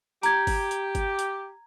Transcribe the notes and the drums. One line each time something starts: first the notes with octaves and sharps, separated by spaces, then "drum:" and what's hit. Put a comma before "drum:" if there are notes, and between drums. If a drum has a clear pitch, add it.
G4 A#5 G#6, drum: hi-hat
drum: kick, open hi-hat
drum: hi-hat
drum: kick, hi-hat
drum: hi-hat